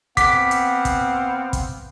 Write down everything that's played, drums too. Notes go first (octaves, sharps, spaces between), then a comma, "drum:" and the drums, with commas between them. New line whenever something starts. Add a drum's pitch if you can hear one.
B3 C4 F5 F#5 D6 B6, drum: kick, hi-hat
drum: hi-hat
drum: kick, hi-hat
drum: kick, hi-hat